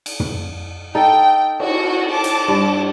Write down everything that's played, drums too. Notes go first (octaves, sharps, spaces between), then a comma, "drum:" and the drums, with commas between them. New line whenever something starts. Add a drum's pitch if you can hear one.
drum: cymbal
drum: tom
D#4 A4 G5
F#4, drum: cymbal
A5 D6
drum: hi-hat
G2